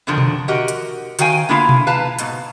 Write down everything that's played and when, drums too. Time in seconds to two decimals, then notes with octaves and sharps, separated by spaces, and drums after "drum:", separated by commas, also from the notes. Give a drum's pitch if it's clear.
0.07 F2 B2 D3 D#3 F3
0.18 drum: tom B2
0.48 F#4 G4 A#4 D#5 F#5
0.68 drum: hi-hat
1.19 D#3 F#4 C5 F5 G5 G#5, drum: hi-hat
1.49 D3 A#3 B3 E4 F4 F5
1.69 drum: tom B2
1.87 B4 F5 A5 A#5
2.19 G#2 B2, drum: hi-hat